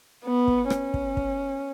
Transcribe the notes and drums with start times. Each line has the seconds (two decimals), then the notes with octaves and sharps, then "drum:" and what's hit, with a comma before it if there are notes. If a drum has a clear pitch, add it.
0.25 B3
0.48 drum: kick
0.70 C#4, drum: rim click
0.94 drum: kick
1.17 drum: kick